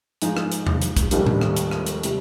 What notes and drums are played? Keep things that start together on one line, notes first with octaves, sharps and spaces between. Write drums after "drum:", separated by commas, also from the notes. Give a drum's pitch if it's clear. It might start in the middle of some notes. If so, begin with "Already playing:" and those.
G#2 F3 G#3 D#4, drum: hi-hat
drum: rim click
drum: hi-hat
drum: tom
drum: hi-hat
drum: kick, hi-hat
F1 D#2 D#3 G3, drum: hi-hat
drum: tom A2
drum: rim click
drum: hi-hat
drum: rim click
drum: hi-hat
C3 G3, drum: hi-hat